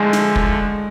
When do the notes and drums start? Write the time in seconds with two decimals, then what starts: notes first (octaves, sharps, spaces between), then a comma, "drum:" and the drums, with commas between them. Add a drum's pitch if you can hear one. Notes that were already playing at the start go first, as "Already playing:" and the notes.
Already playing: D3 F3 G#3 A3
0.13 drum: snare
0.36 drum: kick